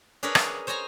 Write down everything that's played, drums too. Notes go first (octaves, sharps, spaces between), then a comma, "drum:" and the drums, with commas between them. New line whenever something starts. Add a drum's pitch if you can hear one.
D4 G#4 A#4 B4 C#5
drum: rim click
C5 C#5 D#5 G#5 A#5